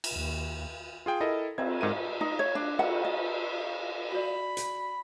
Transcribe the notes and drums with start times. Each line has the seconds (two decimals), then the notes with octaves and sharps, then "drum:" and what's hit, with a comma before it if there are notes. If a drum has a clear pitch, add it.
0.04 drum: cymbal
0.13 D#2
1.06 F4 G#4 G5
1.21 E4 A4 A#4 D#5
1.58 C4 G#6, drum: cymbal
1.81 G#2 A#4 D#7
2.21 D#4
2.39 C#5
2.55 D4
2.79 F#5, drum: cymbal
3.05 D#5
4.12 F#4 D5 B5
4.57 drum: hi-hat